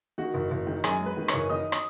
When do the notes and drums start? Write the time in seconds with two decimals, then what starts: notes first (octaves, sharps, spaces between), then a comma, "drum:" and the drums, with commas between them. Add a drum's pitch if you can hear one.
0.18 D#3 F#4 F#5
0.34 F#1
0.51 F#1
0.67 D#3
0.84 F#2 G#4 G#5, drum: rim click
1.00 G#3
1.06 B4 B5
1.17 D#3
1.28 C#5 C#6, drum: rim click
1.34 F#1
1.50 D#3 D#5 D#6
1.72 drum: rim click